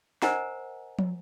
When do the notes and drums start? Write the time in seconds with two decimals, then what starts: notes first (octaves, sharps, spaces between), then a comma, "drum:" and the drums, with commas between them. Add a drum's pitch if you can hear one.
0.22 A#4 C5 D#5 F#5 G#5 A#5, drum: snare
0.99 drum: tom